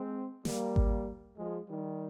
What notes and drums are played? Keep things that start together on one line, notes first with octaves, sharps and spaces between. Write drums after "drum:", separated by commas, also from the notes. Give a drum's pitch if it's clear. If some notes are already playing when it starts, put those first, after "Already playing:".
Already playing: G#3 C4
G3 A#3, drum: snare
drum: kick G#1
F3 G#3
D#3 G3